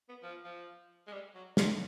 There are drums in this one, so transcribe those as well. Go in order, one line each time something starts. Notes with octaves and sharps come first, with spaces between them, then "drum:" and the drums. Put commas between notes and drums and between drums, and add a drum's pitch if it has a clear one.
B3
F3
F3
G#3
G3
F#3
G3, drum: snare